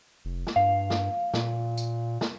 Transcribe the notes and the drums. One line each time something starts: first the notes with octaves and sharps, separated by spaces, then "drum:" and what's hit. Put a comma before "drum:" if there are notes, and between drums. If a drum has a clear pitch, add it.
F1
drum: snare
G2 F5
drum: snare
A#2, drum: snare
drum: tambourine
drum: snare